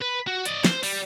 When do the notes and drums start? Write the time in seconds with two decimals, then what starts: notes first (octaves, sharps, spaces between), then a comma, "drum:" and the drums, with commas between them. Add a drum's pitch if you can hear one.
0.01 B4
0.27 F#4
0.45 D5 D#5, drum: hi-hat
0.65 C5, drum: snare
0.83 G3, drum: open hi-hat